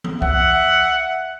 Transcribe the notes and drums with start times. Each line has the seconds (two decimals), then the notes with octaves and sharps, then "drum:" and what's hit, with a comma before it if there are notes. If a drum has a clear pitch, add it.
0.04 drum: tom E3
0.22 E5 F#5, drum: kick B1